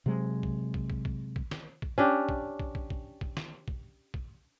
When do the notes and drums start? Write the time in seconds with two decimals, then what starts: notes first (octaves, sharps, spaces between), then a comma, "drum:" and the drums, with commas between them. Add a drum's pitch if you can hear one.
0.06 C3 F#3 G#3
0.43 drum: kick
0.74 drum: kick
0.90 drum: kick
1.05 drum: kick
1.36 drum: kick
1.51 drum: snare
1.82 drum: kick
1.98 C#4 D4 G4
2.29 drum: kick
2.60 drum: kick
2.75 drum: kick
2.90 drum: kick
3.21 drum: kick
3.37 drum: snare
3.68 drum: kick
4.14 drum: kick